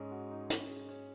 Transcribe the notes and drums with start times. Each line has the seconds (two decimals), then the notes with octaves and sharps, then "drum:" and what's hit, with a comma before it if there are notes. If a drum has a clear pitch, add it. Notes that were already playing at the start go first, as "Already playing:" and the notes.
Already playing: G#2 G#3 C#4
0.11 F#4
0.31 D#4
0.50 C#4, drum: hi-hat
0.69 G#4
0.89 C#4